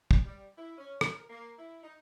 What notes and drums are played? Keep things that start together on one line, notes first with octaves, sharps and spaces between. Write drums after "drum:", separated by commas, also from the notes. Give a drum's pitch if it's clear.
drum: kick
G3
E4
C#4
F#2, drum: rim click
A#4
A#3
E4
D#4